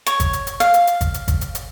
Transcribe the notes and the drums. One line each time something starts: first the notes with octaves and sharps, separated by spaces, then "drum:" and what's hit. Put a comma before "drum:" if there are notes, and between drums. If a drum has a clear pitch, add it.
C#5, drum: hi-hat
drum: kick, hi-hat
drum: hi-hat
drum: hi-hat
F5, drum: hi-hat
drum: hi-hat
drum: hi-hat
drum: kick, hi-hat
drum: hi-hat
drum: kick, hi-hat
drum: hi-hat
drum: hi-hat